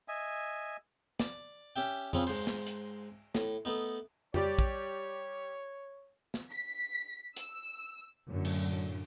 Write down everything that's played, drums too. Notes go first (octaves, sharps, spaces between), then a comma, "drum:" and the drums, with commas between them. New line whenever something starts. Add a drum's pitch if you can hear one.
D#5 E5 G#5
D5, drum: snare
C#4 G4 E5 G5
C#3 F3 C4 C#4, drum: tom F2
G#2 C5, drum: cymbal
drum: snare
drum: hi-hat
A2, drum: snare
A3 B3 D#4
G3 G4 C#5 D5, drum: tom F2
drum: kick
drum: snare
B6
E6, drum: hi-hat
F#2 A2 D3 F#3
drum: cymbal